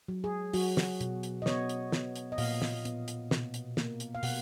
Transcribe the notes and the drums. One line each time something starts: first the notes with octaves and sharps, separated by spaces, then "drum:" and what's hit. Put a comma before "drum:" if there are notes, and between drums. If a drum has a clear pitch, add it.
F#3
G#4
F#3 F#4, drum: open hi-hat
drum: snare
B2, drum: hi-hat
drum: hi-hat
D#5
B3 C#5, drum: snare
drum: hi-hat
B3, drum: snare
drum: hi-hat
D#5
A#2 F5, drum: open hi-hat
drum: snare
B3, drum: hi-hat
drum: hi-hat
B2, drum: snare
drum: hi-hat
A#3, drum: snare
drum: hi-hat
F5
B2 F#5, drum: open hi-hat